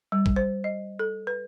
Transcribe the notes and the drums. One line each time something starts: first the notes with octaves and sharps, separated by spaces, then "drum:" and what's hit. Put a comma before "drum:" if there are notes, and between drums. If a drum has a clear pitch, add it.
G3
drum: kick A#1
C5
D#5
A4
B4